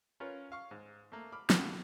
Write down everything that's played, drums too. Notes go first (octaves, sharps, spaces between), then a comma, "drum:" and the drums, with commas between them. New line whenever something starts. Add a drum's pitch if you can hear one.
C#4 F4 A#4 B4 C#5
F5 C#6
G#2
A3 A#3
B5 D6 F6
C#2 B2 D3 D#3 F4 C#6, drum: snare